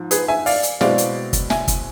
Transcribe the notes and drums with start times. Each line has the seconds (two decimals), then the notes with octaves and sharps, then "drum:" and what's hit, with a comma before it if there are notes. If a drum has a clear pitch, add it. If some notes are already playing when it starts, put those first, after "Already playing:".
Already playing: G#2 F3
0.11 G#4 B4, drum: hi-hat
0.28 E5 G#5
0.46 D5 F5, drum: open hi-hat
0.63 drum: hi-hat
0.81 B2 G#3 C4 E4 D5 F5, drum: snare
0.98 drum: hi-hat
1.33 drum: kick, hi-hat
1.50 E5 G#5, drum: snare
1.68 drum: kick, hi-hat